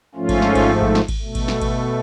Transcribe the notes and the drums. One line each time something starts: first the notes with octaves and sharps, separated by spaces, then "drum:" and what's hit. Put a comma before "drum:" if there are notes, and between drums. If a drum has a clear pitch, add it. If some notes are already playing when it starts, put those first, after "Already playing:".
G#2 F3 A3 C#4 F4
drum: kick G#1, cymbal
drum: snare
drum: kick G#1, cymbal
drum: kick G#1
drum: snare
drum: kick G#1, cymbal
B2 A3
drum: kick G#1, cymbal
drum: snare
drum: kick G#1, cymbal